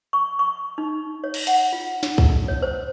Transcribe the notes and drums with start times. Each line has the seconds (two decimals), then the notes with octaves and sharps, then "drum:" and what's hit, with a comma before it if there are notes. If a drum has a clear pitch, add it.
0.13 C#6
0.39 C#6
0.78 D#4
1.24 C#5
1.34 drum: cymbal
1.47 F#5, drum: hi-hat
1.73 F4
2.03 drum: snare
2.18 drum: kick
2.48 C#5
2.62 C5